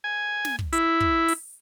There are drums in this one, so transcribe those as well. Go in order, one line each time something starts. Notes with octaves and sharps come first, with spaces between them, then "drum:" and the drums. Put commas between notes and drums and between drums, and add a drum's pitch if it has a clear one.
G#5
drum: snare
drum: kick
E4, drum: hi-hat
drum: kick
drum: open hi-hat